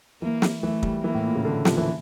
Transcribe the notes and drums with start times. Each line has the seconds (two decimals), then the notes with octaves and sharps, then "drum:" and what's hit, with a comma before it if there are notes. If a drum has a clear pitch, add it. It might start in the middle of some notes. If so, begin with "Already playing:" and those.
0.22 E3 A#3
0.42 drum: snare
0.62 E3 A3
0.83 G3, drum: kick
1.03 E3 A#3
1.14 A2
1.25 A#2
1.35 C#3
1.45 D3
1.65 F3, drum: snare
1.77 E3